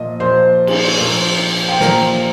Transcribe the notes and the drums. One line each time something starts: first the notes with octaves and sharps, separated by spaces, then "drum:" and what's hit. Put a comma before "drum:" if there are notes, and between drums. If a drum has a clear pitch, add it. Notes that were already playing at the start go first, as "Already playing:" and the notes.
Already playing: A#2 F3 A#3 D#5
A#2 F3 A#3 C5 C6
drum: cymbal
A#2 F3 A#3
G5
A#2 F3 A#3 A#4 A#5, drum: snare